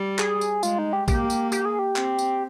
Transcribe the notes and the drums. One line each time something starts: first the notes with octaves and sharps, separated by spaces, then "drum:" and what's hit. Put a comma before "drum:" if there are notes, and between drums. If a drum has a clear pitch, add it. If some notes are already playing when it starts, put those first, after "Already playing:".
Already playing: G3
G#4, drum: clap
drum: tambourine
G#3 F4, drum: tambourine
D#4
G4
A#3 G4, drum: kick, tambourine
drum: tambourine
G4, drum: tambourine
G#4
G4
C4, drum: clap
drum: tambourine